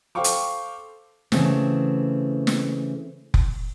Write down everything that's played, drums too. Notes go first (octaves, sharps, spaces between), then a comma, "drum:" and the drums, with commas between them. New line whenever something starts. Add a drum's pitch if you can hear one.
A4 C5 F5 G5 C#6 D6
drum: hi-hat
C#3 E3 A3 C4, drum: snare
drum: snare
drum: kick F1